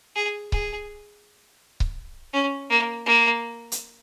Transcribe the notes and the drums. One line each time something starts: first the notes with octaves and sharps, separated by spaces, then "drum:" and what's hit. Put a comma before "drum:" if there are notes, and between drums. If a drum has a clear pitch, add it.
G#4
G#4, drum: kick C#1
drum: kick C#1
C#4
A#3
A#3
drum: hi-hat